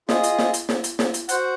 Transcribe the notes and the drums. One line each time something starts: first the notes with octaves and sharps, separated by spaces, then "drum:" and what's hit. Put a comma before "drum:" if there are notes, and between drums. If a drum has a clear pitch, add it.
F4 G#4 D#5, drum: snare
drum: hi-hat
drum: snare
drum: hi-hat
drum: snare
drum: hi-hat
drum: snare
drum: hi-hat
F#4 C5 F#5, drum: hi-hat